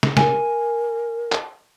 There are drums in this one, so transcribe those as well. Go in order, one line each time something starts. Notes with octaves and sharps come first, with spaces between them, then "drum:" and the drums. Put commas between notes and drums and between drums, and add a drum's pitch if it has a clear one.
drum: snare
A#4 G#5, drum: snare
drum: clap